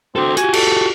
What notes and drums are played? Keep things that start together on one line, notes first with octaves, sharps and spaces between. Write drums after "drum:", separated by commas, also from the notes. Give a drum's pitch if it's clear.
C4 F#4 A4
F#4 G4 G#5, drum: hi-hat
A4, drum: cymbal